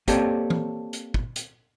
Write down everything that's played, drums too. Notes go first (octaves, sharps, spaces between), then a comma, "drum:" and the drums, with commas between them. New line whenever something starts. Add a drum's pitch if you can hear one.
A#3 C4 G4 A4 C#5 D5, drum: kick, hi-hat
drum: tom E3
drum: hi-hat
drum: kick
drum: hi-hat